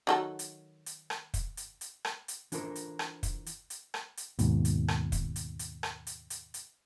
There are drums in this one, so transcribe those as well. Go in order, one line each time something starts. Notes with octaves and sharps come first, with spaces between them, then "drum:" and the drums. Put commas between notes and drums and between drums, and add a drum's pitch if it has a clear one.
D#3 F#3 A4
drum: hi-hat
drum: hi-hat
drum: rim click
drum: kick, hi-hat
drum: hi-hat
drum: hi-hat
drum: rim click
drum: hi-hat
E3 D4 F4 A4 A#4 C5, drum: hi-hat
drum: hi-hat
drum: rim click
drum: kick, hi-hat
drum: hi-hat
drum: hi-hat
drum: rim click
drum: hi-hat
D#2 G#2 B2, drum: hi-hat
drum: hi-hat
drum: rim click
drum: kick, hi-hat
drum: hi-hat
drum: hi-hat
drum: rim click
drum: hi-hat
drum: hi-hat
drum: hi-hat